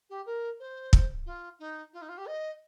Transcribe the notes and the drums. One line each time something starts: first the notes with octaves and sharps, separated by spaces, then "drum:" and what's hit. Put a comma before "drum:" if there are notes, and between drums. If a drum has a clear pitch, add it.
G4
A#4
C5
drum: kick
F4
D#4
F4
D#4
F4
G4
D#5